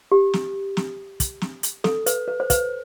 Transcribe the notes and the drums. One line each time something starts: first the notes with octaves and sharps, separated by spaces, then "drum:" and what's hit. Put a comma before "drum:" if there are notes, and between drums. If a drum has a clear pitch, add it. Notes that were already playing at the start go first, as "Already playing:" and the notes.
G4
drum: snare
drum: snare
drum: kick, hi-hat
drum: snare
drum: hi-hat
A4, drum: snare
B4, drum: hi-hat
B4
C5
B4, drum: kick, hi-hat